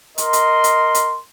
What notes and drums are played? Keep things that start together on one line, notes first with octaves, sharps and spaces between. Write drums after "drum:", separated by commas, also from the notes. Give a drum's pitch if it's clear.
A#4 D#5 C6, drum: hi-hat
drum: hi-hat
drum: hi-hat
drum: hi-hat